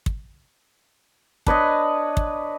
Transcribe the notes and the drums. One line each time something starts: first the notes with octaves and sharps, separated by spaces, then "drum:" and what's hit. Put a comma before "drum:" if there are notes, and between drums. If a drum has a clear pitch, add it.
drum: kick
D4 B4 C#5 D#5, drum: kick
drum: kick